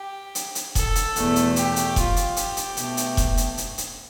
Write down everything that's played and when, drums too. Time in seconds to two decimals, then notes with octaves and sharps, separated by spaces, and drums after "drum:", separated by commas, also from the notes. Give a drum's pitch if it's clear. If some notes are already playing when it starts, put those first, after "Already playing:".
Already playing: G4
0.35 drum: hi-hat
0.55 drum: hi-hat
0.75 A4, drum: kick E1, hi-hat
0.95 drum: hi-hat
1.16 E2 B2 A3, drum: hi-hat
1.36 drum: hi-hat
1.56 G4, drum: hi-hat
1.76 drum: hi-hat
1.96 F4, drum: kick E1, hi-hat
2.16 drum: hi-hat
2.36 G4, drum: hi-hat
2.57 drum: hi-hat
2.77 B2 A3, drum: hi-hat
2.97 drum: hi-hat
3.17 drum: kick E1, hi-hat
3.37 drum: hi-hat
3.58 drum: hi-hat
3.78 drum: hi-hat